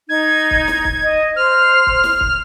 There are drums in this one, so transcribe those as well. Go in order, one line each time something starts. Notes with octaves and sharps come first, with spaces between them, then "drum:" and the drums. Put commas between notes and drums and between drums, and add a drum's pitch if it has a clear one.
D#4 G#6
drum: kick
drum: snare
drum: kick
D#5
C5 F6
drum: kick
drum: snare
drum: kick